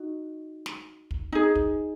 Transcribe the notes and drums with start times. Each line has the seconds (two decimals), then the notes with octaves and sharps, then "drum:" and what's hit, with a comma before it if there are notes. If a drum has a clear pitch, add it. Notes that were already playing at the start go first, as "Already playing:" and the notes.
Already playing: D#4 F#4
0.66 drum: snare
1.11 drum: kick
1.32 D#4 G#4
1.55 drum: kick